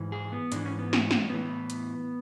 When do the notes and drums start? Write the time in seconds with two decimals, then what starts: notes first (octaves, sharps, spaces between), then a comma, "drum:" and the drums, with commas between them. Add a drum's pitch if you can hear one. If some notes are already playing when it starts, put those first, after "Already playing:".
Already playing: G#2 E3
0.12 G#4
0.32 B3
0.52 G#2 E3 D4, drum: hi-hat
0.66 C#4
0.79 B3
0.93 C#4, drum: snare
1.11 drum: snare
1.30 A2 E3 B3
1.70 drum: hi-hat